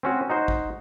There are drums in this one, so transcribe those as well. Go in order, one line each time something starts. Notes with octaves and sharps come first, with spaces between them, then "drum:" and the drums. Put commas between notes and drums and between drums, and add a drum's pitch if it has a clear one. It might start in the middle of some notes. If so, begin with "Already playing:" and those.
C4 C#4 F#4
D#4 F#4 C5
drum: kick